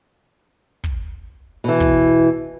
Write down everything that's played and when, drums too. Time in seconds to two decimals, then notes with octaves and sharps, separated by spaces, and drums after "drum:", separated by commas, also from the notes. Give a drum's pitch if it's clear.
0.84 drum: kick
1.64 B2 E3
1.80 drum: kick